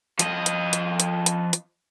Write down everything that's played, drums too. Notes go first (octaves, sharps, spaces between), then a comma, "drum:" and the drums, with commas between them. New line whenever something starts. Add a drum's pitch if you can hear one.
F3 D#5, drum: hi-hat
drum: hi-hat
drum: hi-hat
drum: hi-hat
drum: hi-hat
drum: hi-hat